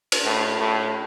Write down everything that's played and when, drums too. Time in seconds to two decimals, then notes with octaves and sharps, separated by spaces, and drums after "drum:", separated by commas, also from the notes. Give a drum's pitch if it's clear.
0.12 drum: cymbal
0.24 A2
0.60 A2